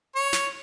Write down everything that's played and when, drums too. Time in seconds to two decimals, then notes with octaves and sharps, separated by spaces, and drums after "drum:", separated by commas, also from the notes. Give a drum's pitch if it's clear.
0.15 C#5
0.33 drum: snare